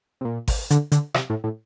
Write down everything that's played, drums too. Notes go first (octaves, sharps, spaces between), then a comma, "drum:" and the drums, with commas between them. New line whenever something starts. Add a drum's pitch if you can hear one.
C3
A#2
drum: kick G#1, open hi-hat
D3, drum: hi-hat
D3, drum: hi-hat
C3, drum: rim click
A2
A2